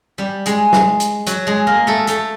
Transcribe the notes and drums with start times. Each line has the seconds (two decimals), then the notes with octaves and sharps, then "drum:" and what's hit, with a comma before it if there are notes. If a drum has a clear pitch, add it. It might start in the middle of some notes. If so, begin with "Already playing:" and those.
0.18 G3 G4
0.46 G#3 G#4, drum: hi-hat
0.73 drum: snare
1.00 drum: hi-hat
1.27 F#3 F#4, drum: hi-hat
1.47 G#3 G#4
1.67 A#3 A#4
1.87 A3 A4
2.07 A3 A4, drum: hi-hat